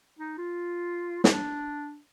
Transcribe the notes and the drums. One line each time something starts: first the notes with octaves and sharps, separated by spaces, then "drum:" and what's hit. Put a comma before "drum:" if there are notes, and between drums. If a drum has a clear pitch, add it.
D#4
F4
C4, drum: snare
D4